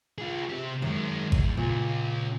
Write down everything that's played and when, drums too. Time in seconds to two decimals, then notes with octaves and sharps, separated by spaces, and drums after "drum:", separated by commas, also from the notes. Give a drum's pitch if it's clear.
0.18 F4 G#4
0.49 C3 G4
0.82 F#2 D#3 G#3 E5
1.32 E2, drum: kick G#1
1.57 C#2 A#2